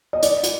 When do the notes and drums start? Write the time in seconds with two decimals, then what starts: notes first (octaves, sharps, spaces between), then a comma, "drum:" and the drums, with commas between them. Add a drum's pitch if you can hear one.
0.13 D#5
0.23 D5, drum: hi-hat
0.43 drum: hi-hat